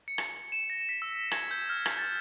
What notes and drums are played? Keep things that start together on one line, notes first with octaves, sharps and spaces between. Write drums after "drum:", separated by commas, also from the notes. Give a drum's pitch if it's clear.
C#7
drum: rim click
E7
A#6
B6
E6
G#6, drum: rim click
G6
F6
drum: rim click
A6